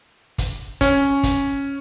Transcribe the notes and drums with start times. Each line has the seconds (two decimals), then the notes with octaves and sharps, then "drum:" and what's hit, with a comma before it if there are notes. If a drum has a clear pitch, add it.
0.38 drum: kick, hi-hat
0.81 C#4, drum: kick, hi-hat
1.23 drum: kick, hi-hat